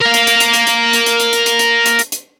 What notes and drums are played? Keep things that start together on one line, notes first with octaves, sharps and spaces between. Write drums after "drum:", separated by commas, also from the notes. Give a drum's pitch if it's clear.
A#4 F5
drum: hi-hat
drum: hi-hat
drum: hi-hat
drum: hi-hat
drum: hi-hat
drum: hi-hat
drum: hi-hat
drum: hi-hat
drum: hi-hat
drum: hi-hat
drum: hi-hat
drum: hi-hat
drum: hi-hat
drum: hi-hat